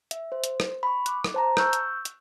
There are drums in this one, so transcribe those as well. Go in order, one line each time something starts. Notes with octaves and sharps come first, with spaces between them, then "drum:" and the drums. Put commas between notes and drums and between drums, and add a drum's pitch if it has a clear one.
E5, drum: hi-hat
C5
drum: hi-hat
drum: rim click
B5 C#6
D6 F#6, drum: hi-hat
drum: rim click
C5 A5 A#5
C#6 E6 F#6 G6, drum: rim click
drum: hi-hat
drum: hi-hat